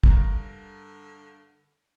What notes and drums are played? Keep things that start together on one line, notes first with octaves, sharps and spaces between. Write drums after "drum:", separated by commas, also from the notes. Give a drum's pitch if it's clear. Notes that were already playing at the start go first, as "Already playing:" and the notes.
G2 D3 A#4 A#5, drum: kick